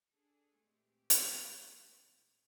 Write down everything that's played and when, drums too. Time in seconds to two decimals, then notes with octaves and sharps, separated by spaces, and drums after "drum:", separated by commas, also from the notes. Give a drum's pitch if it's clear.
0.11 D4 G#4 A4
0.57 A#2 E3 G#3 A3 C4 G4
1.10 drum: hi-hat